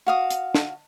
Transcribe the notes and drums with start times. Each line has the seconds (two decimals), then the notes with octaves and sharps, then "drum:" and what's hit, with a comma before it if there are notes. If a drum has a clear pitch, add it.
0.06 F#4 F5 D#6
0.31 drum: hi-hat
0.55 drum: snare